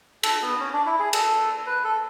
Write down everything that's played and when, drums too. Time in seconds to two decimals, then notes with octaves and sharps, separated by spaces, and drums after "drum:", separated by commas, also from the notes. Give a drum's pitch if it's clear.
0.23 A4, drum: cymbal
0.42 B3
0.60 C#4
0.73 D4
0.86 E4
1.00 G#4
1.13 A4, drum: cymbal
1.66 B4
1.84 A4